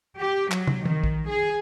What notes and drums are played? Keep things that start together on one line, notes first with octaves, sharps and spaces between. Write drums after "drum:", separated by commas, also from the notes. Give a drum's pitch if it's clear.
G4
F#3, drum: clap
drum: tom
D#3, drum: tom E3
drum: kick
G#4